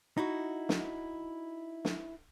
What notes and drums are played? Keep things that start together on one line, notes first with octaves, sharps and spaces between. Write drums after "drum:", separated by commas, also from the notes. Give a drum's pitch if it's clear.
D#4 E4 F#4
drum: snare
drum: snare